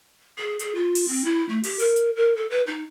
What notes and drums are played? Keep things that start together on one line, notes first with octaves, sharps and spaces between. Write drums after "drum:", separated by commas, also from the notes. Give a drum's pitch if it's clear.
G#4
G#4, drum: hi-hat
F4
drum: open hi-hat
C4
E4
A3
G4, drum: open hi-hat
A#4, drum: hi-hat
drum: hi-hat
A#4
A4
B4
D#4